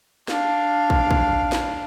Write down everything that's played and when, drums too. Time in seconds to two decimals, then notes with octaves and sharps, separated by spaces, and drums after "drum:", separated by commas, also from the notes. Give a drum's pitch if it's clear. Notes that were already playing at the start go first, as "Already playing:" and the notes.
0.28 D4 F5, drum: snare
0.90 drum: kick
1.11 drum: kick
1.52 drum: snare